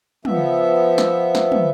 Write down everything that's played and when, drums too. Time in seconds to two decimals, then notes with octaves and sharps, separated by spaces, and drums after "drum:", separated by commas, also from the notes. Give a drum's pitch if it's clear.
0.25 F3 B3 E5, drum: tom
0.98 drum: snare
1.35 drum: snare
1.52 drum: tom